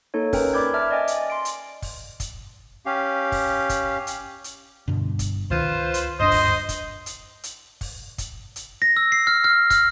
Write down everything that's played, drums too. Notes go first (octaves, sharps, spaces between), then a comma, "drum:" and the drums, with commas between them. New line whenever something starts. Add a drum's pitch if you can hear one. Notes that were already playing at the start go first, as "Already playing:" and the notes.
A#3 D#4 A4 C#5
C#4 A#4 B4 G5, drum: kick, open hi-hat
D5 B5 D6 G6 G#6
D5 E5 A5 D6 F6
D5 D#5 G5 G#5 A6
drum: hi-hat
C6 D7
drum: hi-hat
drum: kick, open hi-hat
drum: kick, hi-hat
C#4 G4 F5
drum: kick, open hi-hat
drum: kick, hi-hat
drum: hi-hat
drum: hi-hat
G2 B2 D3
drum: kick, hi-hat
C#2 D#3 F4 B4 C5
drum: hi-hat
D1 G2 D4 C5 D#5
drum: kick, open hi-hat
drum: kick, hi-hat
drum: hi-hat
drum: hi-hat
drum: kick, open hi-hat
drum: kick, hi-hat
drum: hi-hat
A#6
E6
C7
F6
F6
F6, drum: kick, hi-hat